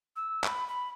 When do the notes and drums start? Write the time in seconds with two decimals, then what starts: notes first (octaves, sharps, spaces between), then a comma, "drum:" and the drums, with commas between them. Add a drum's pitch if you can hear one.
0.15 E6
0.44 B5, drum: clap
0.67 B5